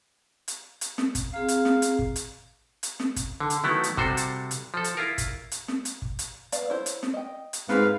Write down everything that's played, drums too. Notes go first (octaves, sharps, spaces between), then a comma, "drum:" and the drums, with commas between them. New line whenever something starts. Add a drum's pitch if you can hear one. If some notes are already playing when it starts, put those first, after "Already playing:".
drum: hi-hat
drum: hi-hat
drum: snare
drum: kick, hi-hat
C4 G#4 F5 A#5
drum: hi-hat
drum: snare
drum: hi-hat
drum: kick
drum: hi-hat
drum: hi-hat
drum: snare
drum: kick, hi-hat
D3
drum: hi-hat
D#3 F#3 A3 B3 E4
drum: hi-hat
C3 G3 F#4 A4 C5, drum: kick
drum: hi-hat
drum: hi-hat
F3 A4
drum: hi-hat
E4 F4 A#4
drum: kick, hi-hat
drum: hi-hat
drum: snare
drum: hi-hat
drum: kick
drum: hi-hat
B3 D5 F5, drum: hi-hat
E4 C5 C#5
drum: hi-hat
drum: snare
D#5 G5
drum: hi-hat
G#2 B4 F5, drum: snare